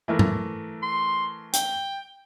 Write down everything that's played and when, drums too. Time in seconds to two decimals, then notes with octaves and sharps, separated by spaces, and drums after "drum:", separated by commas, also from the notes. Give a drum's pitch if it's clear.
0.08 E3 A3 A#4
0.19 drum: tom G#2
0.82 C6
1.53 G5, drum: hi-hat